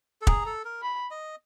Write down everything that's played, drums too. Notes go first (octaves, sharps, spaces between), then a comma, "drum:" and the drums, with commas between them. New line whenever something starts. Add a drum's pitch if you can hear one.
A4
G#4 A#5, drum: kick
A4
A#4
B5
D#5